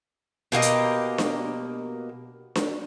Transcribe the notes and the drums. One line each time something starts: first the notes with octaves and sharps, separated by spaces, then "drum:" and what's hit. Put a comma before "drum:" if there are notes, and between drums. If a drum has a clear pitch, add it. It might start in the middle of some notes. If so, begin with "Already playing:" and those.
B2 A#3 G4 D#5
drum: hi-hat
drum: snare D4
drum: snare D4